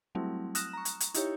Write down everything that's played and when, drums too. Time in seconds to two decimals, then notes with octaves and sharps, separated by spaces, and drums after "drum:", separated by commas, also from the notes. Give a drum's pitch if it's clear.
0.15 F#3 G3 A3 C4 E4
0.55 D#6 F6 F#6 A#6 E7, drum: hi-hat
0.73 A#5 C#6
0.85 drum: hi-hat
1.00 drum: hi-hat
1.14 D#4 E4 G4 C#5, drum: hi-hat